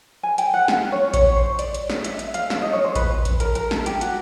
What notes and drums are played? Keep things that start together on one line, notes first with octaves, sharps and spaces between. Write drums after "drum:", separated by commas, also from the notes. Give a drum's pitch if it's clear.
G#5
G5, drum: hi-hat
F#5
F5, drum: snare
C#5
C#5, drum: kick A1, hi-hat
C5
D5, drum: hi-hat
drum: hi-hat
drum: snare
E5, drum: hi-hat
E5, drum: hi-hat
F5, drum: hi-hat
E5, drum: snare
D#5
C#5
C5
B4, drum: kick A1, hi-hat
drum: kick A1, hi-hat
A#4, drum: hi-hat
A#4, drum: hi-hat
A4, drum: snare
G4, drum: hi-hat
F#4, drum: hi-hat